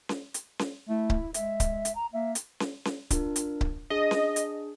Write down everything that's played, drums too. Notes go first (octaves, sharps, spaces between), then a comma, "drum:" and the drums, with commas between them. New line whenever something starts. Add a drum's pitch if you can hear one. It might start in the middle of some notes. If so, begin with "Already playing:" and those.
drum: snare C#4
drum: hi-hat
drum: snare C#4
A3 E4
drum: kick C#1
G#3 E5, drum: hi-hat
drum: kick C#1, hi-hat
drum: hi-hat
A#5
A#3 E5
drum: hi-hat
drum: snare C#4
drum: snare C#4
D4 F4 A#4, drum: kick C#1, hi-hat
drum: hi-hat
drum: kick C#1
D4 G#4 D#5
drum: snare C#4
drum: hi-hat